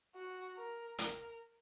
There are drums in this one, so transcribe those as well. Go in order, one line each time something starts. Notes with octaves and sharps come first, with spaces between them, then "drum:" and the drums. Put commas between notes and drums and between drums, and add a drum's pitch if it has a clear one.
F#4
A#4
A#4, drum: hi-hat